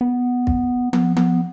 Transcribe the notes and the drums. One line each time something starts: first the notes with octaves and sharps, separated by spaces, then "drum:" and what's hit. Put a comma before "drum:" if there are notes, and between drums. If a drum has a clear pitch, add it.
B3
drum: kick
B3, drum: tom F3
B3, drum: tom F3